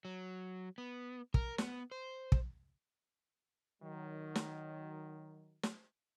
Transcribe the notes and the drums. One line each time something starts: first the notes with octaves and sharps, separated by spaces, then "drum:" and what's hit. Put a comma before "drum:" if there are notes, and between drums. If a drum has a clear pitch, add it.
F#3
B3
A#4, drum: kick
B3, drum: snare
C5
drum: kick
D#3 F#3
drum: snare
drum: snare